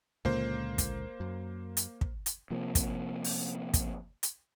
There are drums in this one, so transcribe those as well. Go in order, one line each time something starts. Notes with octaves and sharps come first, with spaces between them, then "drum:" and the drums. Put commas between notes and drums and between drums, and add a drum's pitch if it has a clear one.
C#2 A#2 D3 A#3 C5
drum: kick, hi-hat
F#2
drum: hi-hat
drum: kick
drum: hi-hat
C3 F3 A#3
drum: kick, hi-hat
drum: open hi-hat
drum: kick, hi-hat
drum: hi-hat